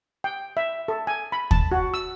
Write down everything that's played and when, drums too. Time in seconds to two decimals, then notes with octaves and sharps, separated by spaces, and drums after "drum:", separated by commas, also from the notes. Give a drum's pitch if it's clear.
0.24 G5
0.57 E5
0.88 A4
1.07 G#5
1.32 B5
1.51 A5, drum: kick
1.72 F#4
1.94 E6